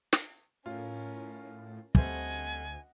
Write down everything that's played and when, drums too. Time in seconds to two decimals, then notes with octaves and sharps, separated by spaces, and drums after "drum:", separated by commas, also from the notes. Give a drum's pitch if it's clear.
0.13 drum: snare
0.66 A2 C#4 F4 A#4
1.95 D2 G3 A3 C4 D#5 F#5 G#5, drum: kick